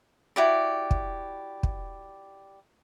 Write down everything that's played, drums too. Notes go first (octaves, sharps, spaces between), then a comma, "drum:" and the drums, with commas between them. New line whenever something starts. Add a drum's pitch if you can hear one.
E4 F#4 G4 D5
drum: kick
drum: kick